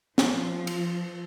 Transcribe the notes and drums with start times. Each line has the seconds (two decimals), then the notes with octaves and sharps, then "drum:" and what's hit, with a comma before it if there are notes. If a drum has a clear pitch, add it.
0.18 F3, drum: snare
0.67 drum: cymbal